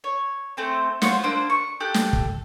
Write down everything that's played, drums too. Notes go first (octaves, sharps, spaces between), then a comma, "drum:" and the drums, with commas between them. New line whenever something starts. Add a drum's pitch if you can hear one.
C#5
A3 C4 C5
F4 C5 C#5 F#5, drum: snare
A#3 D4 C5 E6
C#6
G4 A4 F#6
drum: snare
drum: kick